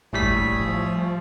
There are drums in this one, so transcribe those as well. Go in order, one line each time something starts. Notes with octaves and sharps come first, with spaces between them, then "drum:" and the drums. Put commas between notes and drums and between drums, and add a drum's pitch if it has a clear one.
A#1 A2 G3 G#4 C#5 E5 B6
drum: kick
F3